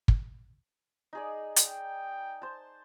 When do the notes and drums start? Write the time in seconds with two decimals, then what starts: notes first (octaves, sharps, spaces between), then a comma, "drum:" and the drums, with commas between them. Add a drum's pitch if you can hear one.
0.08 drum: kick
1.13 D#4 G#4 D5
1.56 drum: hi-hat
1.67 G5
2.42 C5 A5